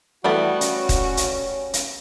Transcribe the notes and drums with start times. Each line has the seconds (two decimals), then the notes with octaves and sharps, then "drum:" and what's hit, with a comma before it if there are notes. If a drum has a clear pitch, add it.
0.24 E3 G3 A3 B3 F#4
0.61 C#4, drum: hi-hat
0.89 drum: kick D#1, hi-hat
1.17 drum: hi-hat
1.73 drum: hi-hat